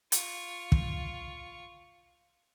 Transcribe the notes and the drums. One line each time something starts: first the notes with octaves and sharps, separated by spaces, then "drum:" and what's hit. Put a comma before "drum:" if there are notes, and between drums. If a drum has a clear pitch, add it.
F4 C#6, drum: hi-hat
drum: kick